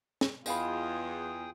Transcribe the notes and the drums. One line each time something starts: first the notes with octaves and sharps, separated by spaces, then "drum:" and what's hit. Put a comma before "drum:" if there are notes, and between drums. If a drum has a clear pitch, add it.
drum: snare
E2 F4 G#4 D#5 F5 G5 B5 D#6, drum: tambourine